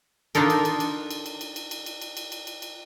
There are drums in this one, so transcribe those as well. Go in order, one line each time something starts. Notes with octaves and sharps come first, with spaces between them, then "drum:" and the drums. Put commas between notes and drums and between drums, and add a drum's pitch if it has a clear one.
D4 D#4 F4 A4 A#4, drum: cymbal
drum: cymbal
drum: cymbal
drum: cymbal
drum: cymbal
drum: cymbal
drum: cymbal
drum: cymbal
drum: cymbal
drum: cymbal
drum: cymbal
drum: cymbal
drum: cymbal
drum: cymbal
drum: cymbal